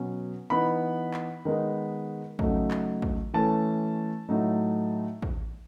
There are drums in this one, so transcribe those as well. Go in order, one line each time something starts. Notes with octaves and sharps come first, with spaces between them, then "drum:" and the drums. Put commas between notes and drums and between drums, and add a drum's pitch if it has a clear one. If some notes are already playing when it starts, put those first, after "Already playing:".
Already playing: B2 F#3 C#4
E3 B3 D#4 B5
drum: clap
D#3 G#3 B3 D#4
C#3 F#3 A3 D#4, drum: kick
drum: clap
drum: kick
E3 A3 C#4 A5
A2 F#3 A3 D#4
drum: kick